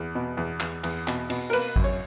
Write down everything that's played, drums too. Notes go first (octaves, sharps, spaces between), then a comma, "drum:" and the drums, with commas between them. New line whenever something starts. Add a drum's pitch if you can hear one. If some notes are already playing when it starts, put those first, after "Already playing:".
Already playing: E2
B2
E2
E2, drum: clap
E2, drum: cymbal
B2, drum: clap
B2, drum: cymbal
A#4
A#3 B4, drum: cymbal
F#2, drum: kick G#1
C#5